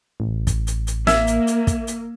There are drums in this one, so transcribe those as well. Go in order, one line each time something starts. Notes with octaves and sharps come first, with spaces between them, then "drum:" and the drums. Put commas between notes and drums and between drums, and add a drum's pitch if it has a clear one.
A1
drum: kick, hi-hat
drum: hi-hat
drum: hi-hat
A#3 E5 E6 G#6, drum: snare
drum: hi-hat
drum: hi-hat
drum: kick, hi-hat
drum: hi-hat